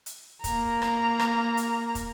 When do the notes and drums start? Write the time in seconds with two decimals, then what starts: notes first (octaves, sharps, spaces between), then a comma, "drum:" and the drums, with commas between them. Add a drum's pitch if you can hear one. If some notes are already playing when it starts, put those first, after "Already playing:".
0.06 drum: hi-hat
0.44 A#3 A#5, drum: kick, hi-hat
0.82 drum: rim click
1.19 drum: rim click
1.57 drum: hi-hat
1.95 drum: kick, hi-hat